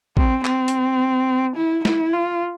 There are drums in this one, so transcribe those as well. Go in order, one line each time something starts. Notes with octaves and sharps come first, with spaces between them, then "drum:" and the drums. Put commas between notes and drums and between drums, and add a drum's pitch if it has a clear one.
C4, drum: kick
C4, drum: clap
drum: hi-hat
E4
E4, drum: snare
F4